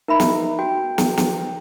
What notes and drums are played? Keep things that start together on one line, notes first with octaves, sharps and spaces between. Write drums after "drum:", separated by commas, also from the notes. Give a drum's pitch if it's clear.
D#4 A#4 E5 B5
drum: snare
F#4 G5
drum: snare
drum: snare